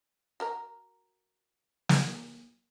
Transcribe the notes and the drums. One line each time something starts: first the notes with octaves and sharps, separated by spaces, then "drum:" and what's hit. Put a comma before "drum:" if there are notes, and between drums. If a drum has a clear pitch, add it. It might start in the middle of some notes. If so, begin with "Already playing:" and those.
F#4 A#4 A#5
drum: snare